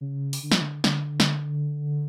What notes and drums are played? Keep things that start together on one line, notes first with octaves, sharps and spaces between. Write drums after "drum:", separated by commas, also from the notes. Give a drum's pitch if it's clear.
C#3
drum: open hi-hat
D3
F3, drum: snare
D3
D3, drum: snare
drum: snare